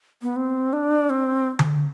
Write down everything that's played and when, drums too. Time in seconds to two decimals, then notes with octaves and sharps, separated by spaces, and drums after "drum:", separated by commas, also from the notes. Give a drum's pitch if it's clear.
0.22 B3
0.36 C4
0.73 D4
1.10 C4
1.59 drum: tom D3